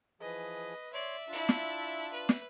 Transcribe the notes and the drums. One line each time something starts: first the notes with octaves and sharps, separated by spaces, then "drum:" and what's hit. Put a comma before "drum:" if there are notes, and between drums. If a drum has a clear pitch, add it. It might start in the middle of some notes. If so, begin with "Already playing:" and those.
E3 F3 G#4 B4 D#5
C#5 D5 E5 C6
D4 E4 F4 A5
drum: snare
B4
drum: snare